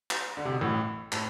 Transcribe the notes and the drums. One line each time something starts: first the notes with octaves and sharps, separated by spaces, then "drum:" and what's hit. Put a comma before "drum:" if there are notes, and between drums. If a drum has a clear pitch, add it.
drum: clap
D3
C3
B2
A1 A2
A2, drum: clap